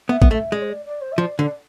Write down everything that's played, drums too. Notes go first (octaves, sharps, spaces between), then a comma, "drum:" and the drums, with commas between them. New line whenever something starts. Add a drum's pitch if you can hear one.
B3 E5
B3, drum: kick
A3 E5
G#3 D5
C5
D5
D5
C5
E5
F3 D5
D3 D5